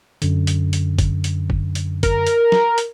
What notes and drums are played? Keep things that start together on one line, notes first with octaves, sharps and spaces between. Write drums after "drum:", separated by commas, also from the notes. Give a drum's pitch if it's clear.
F#2 D3, drum: hi-hat
drum: hi-hat
drum: hi-hat
drum: kick F#1, hi-hat
drum: hi-hat
drum: kick F#1
drum: hi-hat
A#4, drum: kick F#1, hi-hat
drum: hi-hat
drum: snare
drum: hi-hat